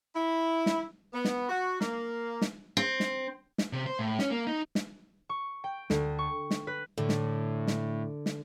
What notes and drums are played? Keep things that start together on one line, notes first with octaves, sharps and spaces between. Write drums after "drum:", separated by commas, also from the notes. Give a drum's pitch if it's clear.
E4
drum: snare
B3
drum: snare
F#4
A#3, drum: snare
drum: snare
C4
drum: snare
drum: snare
C3
C5
A2
C#4, drum: snare
A#3
D#4
drum: snare
C#6
G5
D2, drum: snare
C#6
drum: snare
B4
A2 D3
drum: snare
drum: snare
drum: snare